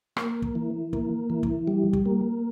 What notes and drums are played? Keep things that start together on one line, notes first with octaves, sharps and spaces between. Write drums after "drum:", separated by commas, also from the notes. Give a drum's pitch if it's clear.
A#3, drum: rim click
drum: kick
E3
A#3, drum: kick
E3
drum: kick
G3
drum: kick
A#3